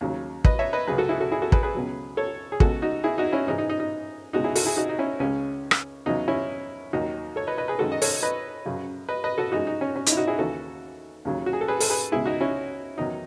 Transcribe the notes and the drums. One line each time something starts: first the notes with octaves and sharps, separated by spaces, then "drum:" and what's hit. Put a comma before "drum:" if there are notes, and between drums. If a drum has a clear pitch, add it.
D#2 C#3 F#3
B4 D#5, drum: kick
C#5 E5
B4 D#5
C#2 C#3 F#3 G#4 B4
F#4 A4
E4 G#4
F#4 A4
E4 G#4
F#4 A4
G#4 B4, drum: kick
G#4 B4
C#2 B2 F#3
A4 C#5
G#4
C#2 B2 G#3 F#4 A4, drum: kick
D#4 F#4
E4 G#4
D#4 F#4
C#4 E4
G#2 E3 G#3 D#4
D#4
D#4
D#4
C#2 B2 G#3 D#4 F#4
E4 G#4
F#4 A4, drum: open hi-hat
E4 G#4
D#4 F#4
D#4
C#4 E4
C#2 C#3 G#3 C#4
drum: rim click
E2 C#3 F#3 D#4
C#4 E4
D#2 D#3 F#3 D#4 F#4
A4 C#5
B4 D#5
B4 D#5
G#4 B4
F#2 D#3 G#3 F#4 A4
D#5
A4 C#5, drum: open hi-hat
B4 D#5
F#2 C#3 F#3
B4 D#5
B4 D#5
F#4 A4
F#2 E3 G#3 D#4 F#4
D#4
C#4
C#4
D#4, drum: hi-hat
E4
D#4 F#4
E4 G#4
D#2 C#3 E3 F#4 A4
D#2 C#3 F#3
F#4
G#4
A4
G#4 B4
A4, drum: open hi-hat
G#4 B4
C#2 B2 G#3 E4 G#4
D#4 F#4
C#4 E4
E2 D#3 F#3 D#4